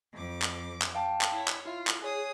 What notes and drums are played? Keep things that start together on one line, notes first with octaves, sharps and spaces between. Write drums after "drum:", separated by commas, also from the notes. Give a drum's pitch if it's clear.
F2 D6
drum: clap
drum: clap
F5 G5 A5
drum: clap
E4 C#5
drum: clap
E4 F4 E5
drum: clap
G#4 C#5 G#5 D#6 F#6